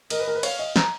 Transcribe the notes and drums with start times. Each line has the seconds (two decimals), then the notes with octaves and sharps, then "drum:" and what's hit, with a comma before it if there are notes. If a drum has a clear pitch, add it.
0.10 A#4 D#5, drum: cymbal
0.19 B4
0.28 A#4
0.35 B4
0.43 C#5 F5, drum: cymbal
0.59 D#5
0.76 A#5, drum: snare